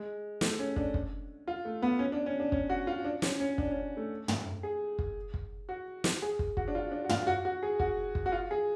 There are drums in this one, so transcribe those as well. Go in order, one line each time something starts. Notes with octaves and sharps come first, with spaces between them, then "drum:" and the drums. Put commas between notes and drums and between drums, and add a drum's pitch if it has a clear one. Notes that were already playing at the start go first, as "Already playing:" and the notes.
Already playing: G#3
A3, drum: snare
C#4
D4, drum: kick
drum: kick
F4
A3
B3
C#4
D4
C#4
D4
C#4, drum: kick
F#4
F4
D4
C#4, drum: snare
C#4
D4, drum: kick
C#4
A3
drum: tom
G#4
drum: kick
drum: kick
F#4
drum: snare
G#4
drum: kick
F#4, drum: kick
D4
F4
D4
F#4
F4, drum: tom
F#4
F#4
G#4
F#4, drum: kick
drum: kick
F#4
F4
G#4